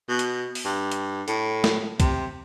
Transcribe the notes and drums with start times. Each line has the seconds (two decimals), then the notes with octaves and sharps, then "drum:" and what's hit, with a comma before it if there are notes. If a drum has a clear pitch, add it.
0.08 B2
0.19 drum: hi-hat
0.55 drum: open hi-hat
0.65 G2
0.92 drum: hi-hat
1.28 A2, drum: hi-hat
1.64 drum: snare
2.00 C3, drum: kick, hi-hat